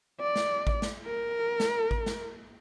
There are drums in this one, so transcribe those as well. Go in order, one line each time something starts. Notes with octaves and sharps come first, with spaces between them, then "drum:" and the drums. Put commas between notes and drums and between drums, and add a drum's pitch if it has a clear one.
D5
drum: snare
drum: kick A1
drum: snare
A#4
drum: snare
drum: kick A1
drum: snare